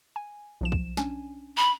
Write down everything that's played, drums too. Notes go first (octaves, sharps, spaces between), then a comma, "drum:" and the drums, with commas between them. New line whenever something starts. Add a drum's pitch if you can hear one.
G#5
B1 F3 E7
drum: kick
C#4 D4 G#5, drum: snare
B5